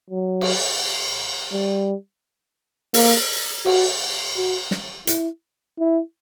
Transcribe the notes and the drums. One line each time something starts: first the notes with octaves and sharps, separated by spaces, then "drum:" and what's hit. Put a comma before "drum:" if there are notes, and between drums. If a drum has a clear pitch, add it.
F#3
drum: cymbal
G3
A#3, drum: open hi-hat
F#4, drum: cymbal
F#4
drum: snare
E4, drum: hi-hat
E4